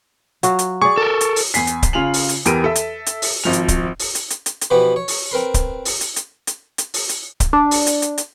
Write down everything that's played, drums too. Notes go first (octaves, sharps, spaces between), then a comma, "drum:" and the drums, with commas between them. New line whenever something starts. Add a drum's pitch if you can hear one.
F#3 F#4 F5, drum: hi-hat
drum: hi-hat
G#4 D5 C#6
A4 A#4
drum: hi-hat
drum: open hi-hat
E2 G#5 B6 C7, drum: hi-hat
drum: hi-hat
drum: kick C#1, hi-hat
C#3 F4 G#5 F7 F#7
drum: open hi-hat
drum: hi-hat
E2 E3 G4 A#4 D7 D#7, drum: hi-hat
A4 E5
drum: hi-hat
drum: hi-hat
drum: open hi-hat
G#1 F3 F7
drum: hi-hat
drum: kick C#1, hi-hat
drum: open hi-hat
drum: hi-hat
drum: hi-hat
drum: hi-hat
drum: hi-hat
B2 E3 F3 F#4 G4 B4
C#5
drum: open hi-hat
C4 A#4 B4 C6
drum: kick C#1, hi-hat
drum: open hi-hat
drum: hi-hat
drum: hi-hat
drum: hi-hat
drum: hi-hat
drum: open hi-hat
drum: hi-hat
drum: kick C#1, hi-hat
D4
drum: open hi-hat
drum: hi-hat
drum: hi-hat
drum: hi-hat